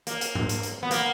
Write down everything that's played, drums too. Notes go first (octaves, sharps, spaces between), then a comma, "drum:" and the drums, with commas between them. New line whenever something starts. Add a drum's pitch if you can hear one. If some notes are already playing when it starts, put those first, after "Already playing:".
A#3, drum: hi-hat
drum: hi-hat
drum: tom G#2
drum: hi-hat
drum: hi-hat
B3
A#3, drum: hi-hat